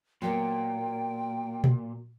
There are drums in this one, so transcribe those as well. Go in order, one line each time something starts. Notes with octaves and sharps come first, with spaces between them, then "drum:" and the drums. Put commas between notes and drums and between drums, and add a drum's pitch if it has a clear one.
A#2 F#3 A#3 B3 G5
drum: tom A#2